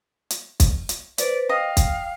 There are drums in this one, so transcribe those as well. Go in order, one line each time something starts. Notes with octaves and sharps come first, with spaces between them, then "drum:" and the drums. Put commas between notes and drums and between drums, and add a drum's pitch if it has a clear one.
drum: hi-hat
drum: kick, hi-hat
drum: hi-hat
B4 C5 D5, drum: hi-hat
D#5 F5 G5
drum: kick, hi-hat